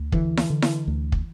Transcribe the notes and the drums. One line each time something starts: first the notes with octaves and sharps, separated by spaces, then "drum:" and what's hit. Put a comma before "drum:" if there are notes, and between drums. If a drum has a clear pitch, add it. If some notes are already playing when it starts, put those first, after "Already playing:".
Already playing: D2
D3 E3, drum: kick
drum: snare E4
D3
drum: snare E4
D2
drum: kick